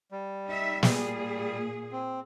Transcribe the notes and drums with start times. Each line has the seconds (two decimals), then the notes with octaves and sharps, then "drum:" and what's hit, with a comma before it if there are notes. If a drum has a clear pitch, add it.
0.12 G3
0.47 D#4 E5
0.83 A#2 G#4, drum: snare
1.92 C4